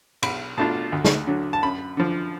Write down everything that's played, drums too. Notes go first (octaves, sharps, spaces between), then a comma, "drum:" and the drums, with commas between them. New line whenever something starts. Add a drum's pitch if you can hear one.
B1 B5, drum: cymbal
B2 A3 D4 F4 A5
D2
drum: snare
D3 F#3
A5
F#2 B5
D3 F3